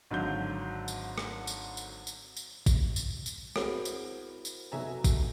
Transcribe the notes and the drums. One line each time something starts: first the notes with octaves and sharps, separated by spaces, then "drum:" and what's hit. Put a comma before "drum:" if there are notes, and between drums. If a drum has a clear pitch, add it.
G#1 D3 F#3 F5 G6
drum: tambourine
drum: rim click
drum: tambourine
drum: tambourine
drum: tambourine
drum: tambourine
drum: kick A#1, tambourine
drum: tambourine
drum: tambourine
C4 E4 F#4 G#4 A#4 C#5, drum: rim click
drum: tambourine
drum: tambourine
F1 B1 B2 E5 G#5 A#5
drum: kick A#1, tambourine